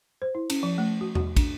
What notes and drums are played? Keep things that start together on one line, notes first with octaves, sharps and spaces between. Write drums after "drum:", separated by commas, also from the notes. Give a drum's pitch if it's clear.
C5
E4
C#4, drum: cymbal
F3
A3
F#4
F#4, drum: tom E2
D4, drum: kick, cymbal